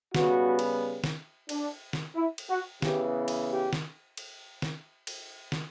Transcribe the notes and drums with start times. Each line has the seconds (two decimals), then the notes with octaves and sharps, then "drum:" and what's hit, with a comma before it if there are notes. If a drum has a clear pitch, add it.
0.15 C#3 G3 B3 F#4, drum: snare
0.59 drum: cymbal
1.04 drum: snare
1.49 D4, drum: cymbal
1.93 drum: snare
2.15 E4
2.38 drum: cymbal
2.50 F#4
2.82 C#3 E3 B3 G4, drum: snare
3.28 drum: cymbal
3.50 G4
3.73 drum: snare
4.17 drum: cymbal
4.62 drum: snare
5.07 drum: cymbal
5.52 drum: snare